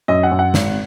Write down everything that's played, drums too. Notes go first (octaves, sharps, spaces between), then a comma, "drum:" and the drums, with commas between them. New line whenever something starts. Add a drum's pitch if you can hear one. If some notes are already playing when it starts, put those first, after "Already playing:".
F#2 D#5
F#5
F#2
F#5
G#1, drum: snare